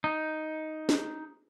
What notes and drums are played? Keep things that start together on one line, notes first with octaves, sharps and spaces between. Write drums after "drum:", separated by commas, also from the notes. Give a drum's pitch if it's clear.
D#4
drum: snare